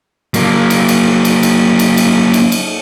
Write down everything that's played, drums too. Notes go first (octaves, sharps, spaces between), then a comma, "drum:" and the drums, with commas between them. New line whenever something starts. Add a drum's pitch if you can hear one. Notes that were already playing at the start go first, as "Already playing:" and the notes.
F#3 A#3, drum: cymbal
drum: cymbal
drum: cymbal
drum: cymbal
drum: cymbal
drum: cymbal
drum: cymbal
drum: cymbal
drum: cymbal